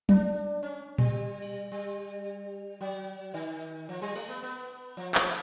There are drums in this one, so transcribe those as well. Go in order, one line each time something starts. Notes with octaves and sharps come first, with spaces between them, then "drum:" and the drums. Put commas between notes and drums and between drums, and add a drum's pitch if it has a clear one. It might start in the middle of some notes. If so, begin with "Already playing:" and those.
D4, drum: tom
C#4
G3, drum: tom A#2
drum: cymbal
G3
F#3
D#3
F3
G3
A3, drum: cymbal
B3
B3
F3
F3, drum: clap